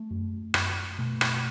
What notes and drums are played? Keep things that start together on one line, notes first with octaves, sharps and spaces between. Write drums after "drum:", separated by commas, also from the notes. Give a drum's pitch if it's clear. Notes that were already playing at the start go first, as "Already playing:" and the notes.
Already playing: A3
F#2
F#2, drum: rim click
B2 A3
drum: rim click